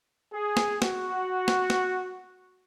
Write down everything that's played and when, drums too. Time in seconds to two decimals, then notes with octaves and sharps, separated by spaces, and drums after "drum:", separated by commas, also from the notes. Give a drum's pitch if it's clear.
0.34 G#4
0.57 drum: snare
0.82 F#4, drum: snare
1.48 drum: snare
1.70 drum: snare